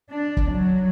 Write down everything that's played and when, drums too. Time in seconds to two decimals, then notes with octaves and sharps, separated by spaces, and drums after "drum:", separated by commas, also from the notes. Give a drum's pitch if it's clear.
0.11 D4
0.37 drum: kick
0.51 F#3